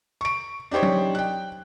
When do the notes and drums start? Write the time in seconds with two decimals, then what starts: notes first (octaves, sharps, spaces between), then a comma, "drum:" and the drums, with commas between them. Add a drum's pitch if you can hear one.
0.21 C#6 D7
0.71 D4 D#4 G4 C5 C#5
0.82 drum: tom F#3
1.15 G5 F#6